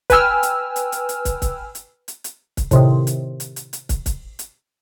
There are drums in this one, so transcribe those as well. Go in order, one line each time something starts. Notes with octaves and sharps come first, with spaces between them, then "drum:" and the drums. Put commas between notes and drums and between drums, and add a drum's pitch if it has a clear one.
B4 G5 G#5 E6 F6, drum: kick, hi-hat
drum: hi-hat
drum: hi-hat
drum: hi-hat
drum: hi-hat
drum: kick, hi-hat
drum: kick, hi-hat
drum: hi-hat
drum: hi-hat
drum: hi-hat
drum: kick, hi-hat
A2 C3 D#3, drum: kick, hi-hat
drum: hi-hat
drum: hi-hat
drum: hi-hat
drum: hi-hat
drum: kick, hi-hat
drum: kick, hi-hat
drum: hi-hat